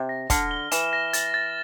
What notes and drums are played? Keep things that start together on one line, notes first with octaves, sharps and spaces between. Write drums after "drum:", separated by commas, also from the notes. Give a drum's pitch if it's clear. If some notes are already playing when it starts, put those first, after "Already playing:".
Already playing: C3
A#6
D3 F6, drum: kick, hi-hat
G7
E3 E7, drum: hi-hat
A#6
A6, drum: hi-hat
A6